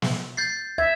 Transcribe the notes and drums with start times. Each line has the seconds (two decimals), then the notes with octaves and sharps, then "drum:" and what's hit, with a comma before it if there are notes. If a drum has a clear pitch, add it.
0.02 drum: snare
0.37 G6 A6 C7
0.78 E5 G#6